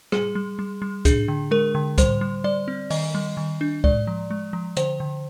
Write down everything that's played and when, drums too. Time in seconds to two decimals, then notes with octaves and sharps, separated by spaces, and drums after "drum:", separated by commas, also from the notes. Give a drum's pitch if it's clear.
0.12 G3 G#4, drum: rim click
0.35 G3
0.59 G3
0.82 G3
1.05 D4 G#4, drum: kick C#2, hi-hat
1.28 D3
1.51 G#3 A#4
1.75 D3
1.98 G3 C5, drum: kick C#2, hi-hat
2.21 G3
2.44 G3 D5
2.68 C4
2.90 D#3 D#5, drum: open hi-hat
3.14 G3
3.37 D#3
3.61 D4
3.84 G#3 D5, drum: kick C#2
4.07 F3
4.30 G#3
4.53 F3
4.77 D3 C5, drum: hi-hat
5.00 D3